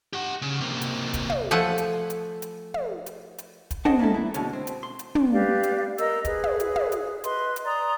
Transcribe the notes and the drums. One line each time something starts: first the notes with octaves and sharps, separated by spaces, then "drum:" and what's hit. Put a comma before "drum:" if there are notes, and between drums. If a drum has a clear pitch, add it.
G4 F#5
C#3
C3 A#3
drum: hi-hat
drum: kick, hi-hat
drum: tom
F3 A3 F#5 G#5
drum: hi-hat
drum: hi-hat
drum: hi-hat
drum: tom
drum: hi-hat
drum: hi-hat
drum: kick, hi-hat
C4 G#4 D#5 F#5 G5 A5, drum: tom
A#3 C#4 D4 E4 A4
E3 E4
B2 D3 G#3 C#4, drum: hi-hat
C4
drum: hi-hat
C6
drum: hi-hat
drum: tom
G4 B4 D5 F5
drum: hi-hat
A#4 D#5 E6, drum: hi-hat
G#4 B4, drum: kick, hi-hat
drum: tom
drum: hi-hat
drum: tom
drum: hi-hat
B4 D#5 C6, drum: hi-hat
drum: hi-hat
D5 A#5 C6 D#6